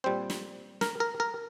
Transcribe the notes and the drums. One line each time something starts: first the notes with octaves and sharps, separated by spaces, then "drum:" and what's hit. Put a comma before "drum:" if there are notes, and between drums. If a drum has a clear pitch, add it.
A#2 G3 C4 C5
drum: snare
A#4, drum: snare
A#4
A#4